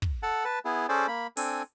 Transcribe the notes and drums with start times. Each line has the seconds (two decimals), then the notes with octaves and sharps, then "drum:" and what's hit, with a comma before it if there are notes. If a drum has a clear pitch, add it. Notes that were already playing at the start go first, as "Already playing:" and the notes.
0.02 drum: kick
0.23 A4 F#5 A5
0.45 B4 A5
0.65 B3 E4 G#4
0.89 C#4 G#4 A4 C5 D5
1.08 A#3 B5
1.37 C4 D4 A4 G#5, drum: open hi-hat